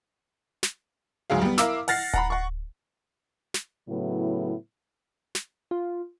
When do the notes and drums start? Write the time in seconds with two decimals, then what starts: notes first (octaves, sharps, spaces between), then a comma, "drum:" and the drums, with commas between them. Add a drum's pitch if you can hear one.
0.63 drum: snare
1.30 D2 G#2 F#3 G#4 F5
1.42 G3 B3
1.58 E4 A#4 F5 D6 E6, drum: snare
1.88 F#5 F6 A6 A#6 C7, drum: open hi-hat
2.14 F#5 A#5 B5, drum: kick D1
2.30 F#5 C#6
3.54 drum: snare
3.88 A2 C#3 F#3 B3 E4
5.35 drum: snare
5.71 F4